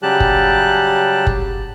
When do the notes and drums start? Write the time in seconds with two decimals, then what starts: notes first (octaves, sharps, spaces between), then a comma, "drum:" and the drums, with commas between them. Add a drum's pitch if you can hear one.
0.03 C#3 F#3 G3 G4 A5 F#6
0.20 drum: kick F#1
1.27 drum: kick F#1